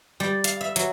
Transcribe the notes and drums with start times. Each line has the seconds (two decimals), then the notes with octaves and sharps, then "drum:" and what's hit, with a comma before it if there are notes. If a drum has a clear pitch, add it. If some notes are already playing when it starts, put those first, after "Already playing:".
0.20 G3
0.44 F5, drum: hi-hat
0.61 E5
0.76 F#3, drum: hi-hat